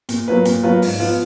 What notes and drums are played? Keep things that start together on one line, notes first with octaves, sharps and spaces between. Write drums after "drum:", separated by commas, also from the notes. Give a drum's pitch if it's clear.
A#2, drum: hi-hat
F#3 A#3 F4 B4
A#2, drum: hi-hat
F#3 A#3 F4 B4
G#2, drum: open hi-hat
F3 B3 F4